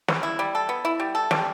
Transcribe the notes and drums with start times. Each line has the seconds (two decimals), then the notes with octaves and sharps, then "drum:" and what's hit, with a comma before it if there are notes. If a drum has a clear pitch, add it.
0.08 B3, drum: snare
0.23 E4
0.39 G3
0.55 A4
0.69 B3
0.85 E4
1.00 G3
1.15 A4
1.31 G3, drum: snare